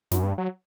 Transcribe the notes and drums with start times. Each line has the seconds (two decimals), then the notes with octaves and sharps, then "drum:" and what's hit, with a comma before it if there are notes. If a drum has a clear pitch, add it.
0.11 F#2, drum: snare
0.23 G2
0.38 F#3